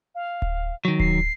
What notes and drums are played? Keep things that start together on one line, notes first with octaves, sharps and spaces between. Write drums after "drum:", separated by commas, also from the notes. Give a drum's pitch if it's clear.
F5
drum: kick D1
D#3 F#3
C7, drum: kick D1